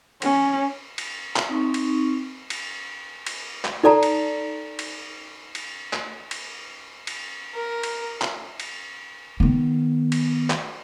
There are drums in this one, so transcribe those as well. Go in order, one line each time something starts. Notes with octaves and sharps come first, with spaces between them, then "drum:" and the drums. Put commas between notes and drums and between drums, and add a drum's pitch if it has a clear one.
C#4, drum: cymbal
drum: cymbal
drum: clap
C4 D#4 C#6
drum: cymbal
drum: cymbal
drum: cymbal
drum: clap
D#4 A4 D5 A5 A#5
drum: cymbal
drum: cymbal
drum: cymbal
drum: clap
drum: cymbal
drum: cymbal
A#4
drum: cymbal
drum: clap
drum: cymbal
D#3 B3
drum: cymbal
drum: clap